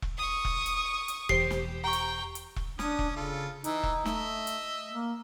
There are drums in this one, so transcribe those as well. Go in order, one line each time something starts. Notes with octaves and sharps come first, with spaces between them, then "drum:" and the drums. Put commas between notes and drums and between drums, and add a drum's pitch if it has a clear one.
drum: kick E1
C#6 D#6
drum: kick E1
drum: hi-hat
drum: hi-hat
E1 E3 G4 C5 C7, drum: kick E1
drum: snare
G5 A#5 C#6
drum: hi-hat
drum: hi-hat
drum: kick E1
C#4 D4 D#6, drum: snare
drum: kick E1
C#3 F4 A4
E3 D#4, drum: hi-hat
drum: kick E1
A3 D#5 E5, drum: snare
drum: hi-hat
A#3